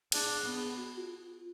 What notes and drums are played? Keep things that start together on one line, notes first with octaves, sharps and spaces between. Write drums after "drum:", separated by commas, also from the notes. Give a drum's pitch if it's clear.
D4 G#4, drum: cymbal
B3
F#4
F4
F4